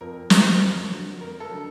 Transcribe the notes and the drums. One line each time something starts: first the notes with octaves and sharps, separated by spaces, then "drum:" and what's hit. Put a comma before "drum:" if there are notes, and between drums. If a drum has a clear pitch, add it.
F2 A#4
D3 F#3, drum: snare
F2
D3 F#3
F2 A#4
A4
D3 F#3